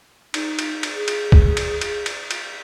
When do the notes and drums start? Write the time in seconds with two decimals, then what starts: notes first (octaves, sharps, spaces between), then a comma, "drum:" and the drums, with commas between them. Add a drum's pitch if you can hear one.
0.34 D#4, drum: cymbal
0.59 drum: cymbal
0.83 drum: cymbal
0.95 G#4
1.08 drum: cymbal
1.32 drum: kick
1.57 drum: cymbal
1.81 drum: cymbal
2.06 drum: cymbal
2.31 drum: cymbal